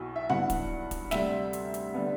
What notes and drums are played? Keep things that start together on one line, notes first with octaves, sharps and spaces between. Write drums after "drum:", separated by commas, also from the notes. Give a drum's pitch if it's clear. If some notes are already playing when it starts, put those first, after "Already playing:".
Already playing: B1 B2 F#3 E4
E5
G2 F#3 B3 E4 F#5, drum: tom C#3
drum: kick, hi-hat
drum: kick, hi-hat
D2 C3 G3 E5, drum: snare
drum: hi-hat
drum: hi-hat
D3 G3 B3